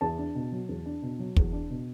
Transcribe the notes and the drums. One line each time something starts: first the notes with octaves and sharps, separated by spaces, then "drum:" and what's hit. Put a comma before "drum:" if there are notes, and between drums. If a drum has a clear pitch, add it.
E2 A5
D4
B2
F#3
E2
D4
B2
F#3
E2, drum: kick
D4
B2